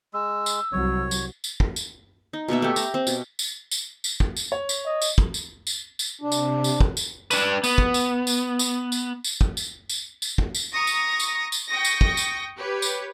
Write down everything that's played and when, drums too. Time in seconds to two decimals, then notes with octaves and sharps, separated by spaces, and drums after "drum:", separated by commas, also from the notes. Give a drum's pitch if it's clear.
0.14 G#3 E6
0.46 drum: tambourine
0.72 C2 F#3 C#5
1.11 drum: tambourine
1.44 drum: tambourine
1.60 drum: kick
1.76 drum: tambourine
2.33 D#4
2.48 B2 A#3 B3 E5
2.62 A3 G4
2.76 A#5, drum: tambourine
2.94 C4
3.07 B2, drum: tambourine
3.39 drum: tambourine
3.71 drum: tambourine
4.04 drum: tambourine
4.20 drum: kick
4.37 drum: tambourine
4.52 C#5
4.69 drum: tambourine
4.85 D#5
5.02 drum: tambourine
5.18 drum: kick
5.34 drum: tambourine
5.67 drum: tambourine
5.99 drum: tambourine
6.21 C3 D4
6.32 drum: tambourine
6.64 drum: tambourine
6.80 drum: kick
6.97 drum: tambourine
7.31 D4 B4, drum: tambourine
7.64 B3, drum: tambourine
7.78 drum: kick
7.94 drum: tambourine
8.27 drum: tambourine
8.59 drum: tambourine
8.92 drum: tambourine
9.24 drum: tambourine
9.41 drum: kick
9.57 drum: tambourine
9.89 drum: tambourine
10.22 drum: tambourine
10.38 drum: kick
10.55 drum: tambourine
10.72 A#5 C#6 D#6 A#6
10.87 drum: tambourine
11.20 drum: tambourine
11.52 drum: tambourine
11.68 G5 C#6 D#6 A#6
11.85 drum: tambourine
12.01 drum: kick
12.17 drum: tambourine
12.57 G4 B4 C#5
12.82 drum: tambourine